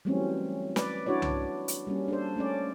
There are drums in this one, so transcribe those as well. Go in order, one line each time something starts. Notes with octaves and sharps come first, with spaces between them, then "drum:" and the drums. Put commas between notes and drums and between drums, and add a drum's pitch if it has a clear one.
E3 F#3 G3 A3 C4 C#4
B4 D5, drum: snare
D4 E4 F#4 C#5 D5
drum: tom C2
drum: hi-hat
G3 A#3 C#4
D4 A4 C5
A3 C#4 D5